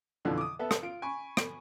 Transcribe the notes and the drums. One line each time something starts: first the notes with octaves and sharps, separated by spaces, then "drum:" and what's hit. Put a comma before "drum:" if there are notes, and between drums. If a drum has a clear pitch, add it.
F2 B2 D3 E3 F3
D6 D#6
B3 A4 E5
drum: rim click
F4 D7
G#5 B5 C#6
drum: rim click